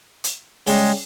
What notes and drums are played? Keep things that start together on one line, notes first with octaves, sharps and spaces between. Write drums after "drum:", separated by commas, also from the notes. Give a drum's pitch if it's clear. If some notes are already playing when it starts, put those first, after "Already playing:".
drum: hi-hat
C#3 G3 G#3, drum: open hi-hat